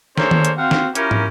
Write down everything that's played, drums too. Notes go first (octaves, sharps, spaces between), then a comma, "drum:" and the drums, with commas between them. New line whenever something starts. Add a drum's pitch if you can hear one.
A#3 D4 G#4 A4 C5 C#5, drum: snare
drum: tom D#3
drum: hi-hat
C4 F#4 F5
drum: snare
C#4 E4 F4 G4 A#4, drum: hi-hat
drum: tom